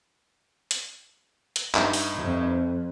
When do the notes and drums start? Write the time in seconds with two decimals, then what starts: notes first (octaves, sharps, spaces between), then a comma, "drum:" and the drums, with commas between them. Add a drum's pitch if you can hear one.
0.71 drum: hi-hat
1.56 drum: hi-hat
1.75 G2 D#4 E5, drum: clap
1.93 drum: open hi-hat
2.14 F2